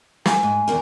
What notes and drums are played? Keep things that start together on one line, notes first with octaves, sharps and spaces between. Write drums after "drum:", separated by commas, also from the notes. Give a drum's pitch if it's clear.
G#5, drum: snare
G#2
E2 D#3 A#4